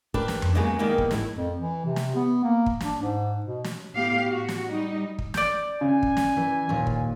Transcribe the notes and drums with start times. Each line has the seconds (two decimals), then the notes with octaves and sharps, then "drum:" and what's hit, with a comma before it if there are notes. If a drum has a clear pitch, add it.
0.14 D4 G4 A#4 B4, drum: kick
0.28 drum: snare
0.42 drum: tom F2
0.55 C#3 F#3 G#3 A#3 B3 D#4
0.79 D#3 G3 G#3 A#3 B3
0.98 drum: kick
1.11 A2 E4, drum: snare
1.35 F2
1.57 E3
1.85 C3
1.96 drum: snare
2.15 B3
2.44 A#3
2.66 drum: kick
2.81 D4, drum: snare
3.01 G#2
3.45 B2
3.64 drum: snare
3.95 A2 B3 G4 F5
4.28 F#4
4.48 drum: snare
4.68 G3 D#4
5.19 drum: kick
5.34 D5 G6, drum: snare
5.81 C#3 G#5
6.03 drum: kick
6.17 drum: snare
6.37 E3
6.69 D#2 A#2
6.87 drum: kick